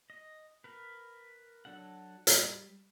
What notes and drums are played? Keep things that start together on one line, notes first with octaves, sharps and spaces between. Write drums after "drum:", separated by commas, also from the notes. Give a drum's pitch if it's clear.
D#5
A#4 B4
F#3 D4 A4 F#5
G3, drum: hi-hat